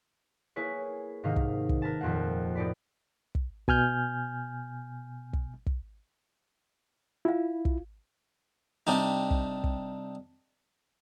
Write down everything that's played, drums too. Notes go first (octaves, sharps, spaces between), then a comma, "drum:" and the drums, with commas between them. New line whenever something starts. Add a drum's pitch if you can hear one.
A#3 E4 G#4 B4 C#5
G#2 C3 D#3 D#4 F5
drum: kick
drum: kick
A#4 B4 A5
D#1 F2 A#2 A#3 F#5
A2 D#4 D5 B5
drum: kick
B2 G#5 F6 G6, drum: kick
drum: kick
drum: kick
E4 F4 F5
drum: kick
C3 G3 D4 D#4
drum: kick
drum: kick